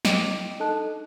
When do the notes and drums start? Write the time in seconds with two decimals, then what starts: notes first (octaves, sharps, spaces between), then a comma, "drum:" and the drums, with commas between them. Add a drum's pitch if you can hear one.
0.05 D#5 G5 D6, drum: snare
0.59 D4 D#4 A4 D#5 A5 F#6